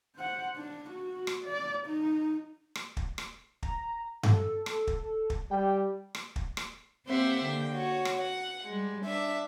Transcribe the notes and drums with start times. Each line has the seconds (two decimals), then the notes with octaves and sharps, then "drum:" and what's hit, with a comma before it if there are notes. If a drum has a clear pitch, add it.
0.16 C5 F#5
0.56 D4
0.90 F#4
1.27 drum: rim click
1.45 D5
1.86 D#4
2.75 drum: rim click
2.97 drum: kick
3.18 drum: rim click
3.63 A#5, drum: kick
4.23 A4, drum: tom G2
4.66 drum: rim click
4.87 drum: kick
5.30 drum: kick
5.51 G3 G5
6.15 drum: rim click
6.36 drum: kick
6.57 drum: rim click
7.07 A#3 C4 G4 C5 E5 F#5
7.43 D3 A#3 G5
7.72 F#4 C#5
8.05 drum: rim click
8.21 F#5
8.65 G3 G#3
9.05 D4 E5